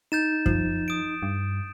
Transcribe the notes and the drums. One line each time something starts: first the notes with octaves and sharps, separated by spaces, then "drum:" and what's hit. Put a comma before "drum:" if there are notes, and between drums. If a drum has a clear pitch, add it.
D#4 G6 A6 E7
F3, drum: kick F#2
D#6 D7
G2